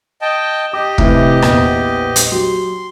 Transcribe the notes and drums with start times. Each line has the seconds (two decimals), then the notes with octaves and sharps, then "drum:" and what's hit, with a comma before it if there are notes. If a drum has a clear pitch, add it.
0.22 D#5 G5 A5
0.73 G4 D#5 D6
0.98 A2 C3 E3, drum: kick
1.42 A#1 E2, drum: rim click
2.16 drum: hi-hat
2.32 F#3 G4 C6